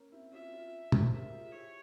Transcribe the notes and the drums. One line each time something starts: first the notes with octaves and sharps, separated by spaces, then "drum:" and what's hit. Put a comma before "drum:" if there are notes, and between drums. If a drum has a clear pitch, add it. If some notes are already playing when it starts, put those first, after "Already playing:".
Already playing: A#3 C#4
C4 E4
C#4 F4 E5
C#4 F4
G#4 C5, drum: tom
G4 A#4 E5
F4 G#4
E4 G4 C#5